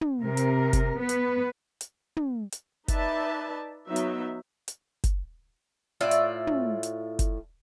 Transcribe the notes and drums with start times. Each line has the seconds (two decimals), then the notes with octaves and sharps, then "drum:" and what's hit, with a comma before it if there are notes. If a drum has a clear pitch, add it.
0.01 drum: tom
0.21 C3 A#4
0.37 drum: hi-hat
0.73 drum: kick F#1, hi-hat
0.97 B3 B4
1.09 drum: hi-hat
1.81 drum: hi-hat
2.17 drum: tom
2.52 drum: hi-hat
2.88 D#4 B4 D5 E5 A5, drum: kick F#1, hi-hat
3.86 F#3 B3 D#4 E5
3.96 drum: hi-hat
4.68 drum: hi-hat
5.04 drum: kick F#1, hi-hat
6.01 A2 F4 D5 E5
6.11 drum: hi-hat
6.47 drum: tom
6.83 drum: hi-hat
7.19 drum: kick F#1, hi-hat